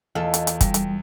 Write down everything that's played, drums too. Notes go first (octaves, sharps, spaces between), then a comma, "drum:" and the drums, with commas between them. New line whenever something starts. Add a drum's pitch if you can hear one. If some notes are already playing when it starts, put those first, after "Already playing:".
E2 F4 A4 D#5
drum: hi-hat
drum: hi-hat
G3, drum: kick, hi-hat
drum: hi-hat